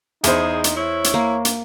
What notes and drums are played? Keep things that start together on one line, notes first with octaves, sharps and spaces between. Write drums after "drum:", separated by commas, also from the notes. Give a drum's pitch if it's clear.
E2 D#4 G#4 C5, drum: hi-hat
drum: hi-hat
E4 C#5
drum: hi-hat
A#3
drum: hi-hat